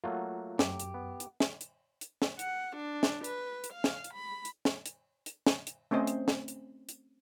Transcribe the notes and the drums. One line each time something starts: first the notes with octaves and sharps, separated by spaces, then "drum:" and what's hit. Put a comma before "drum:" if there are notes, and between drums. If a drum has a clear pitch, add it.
F#3 A3 A#3 F4 F#5
F#2 G4, drum: snare
drum: hi-hat
B3
drum: hi-hat
drum: snare
drum: hi-hat
drum: hi-hat
drum: snare
F#5, drum: hi-hat
D4
drum: snare
B4, drum: hi-hat
drum: hi-hat
F5
drum: snare
drum: hi-hat
B5
drum: hi-hat
drum: snare
drum: hi-hat
drum: hi-hat
drum: snare
drum: hi-hat
A3 C4 C#4 C5 D#5
drum: hi-hat
drum: snare
drum: hi-hat
drum: hi-hat